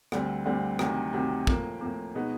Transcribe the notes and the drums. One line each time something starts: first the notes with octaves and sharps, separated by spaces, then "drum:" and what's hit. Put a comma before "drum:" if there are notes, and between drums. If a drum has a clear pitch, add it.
D2 D3 G3 C4, drum: rim click
D2 D3 G3 C4
D2 C3 D#3 F#3, drum: rim click
D2 C3 D#3 F#3
A2 F3 A#3, drum: kick
A2 F3 A#3
B2 G#3 B3 D#4